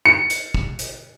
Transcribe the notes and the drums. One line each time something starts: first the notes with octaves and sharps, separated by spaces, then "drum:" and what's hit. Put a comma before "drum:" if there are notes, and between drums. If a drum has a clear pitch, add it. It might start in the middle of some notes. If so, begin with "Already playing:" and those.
C#7
drum: hi-hat
drum: kick
drum: hi-hat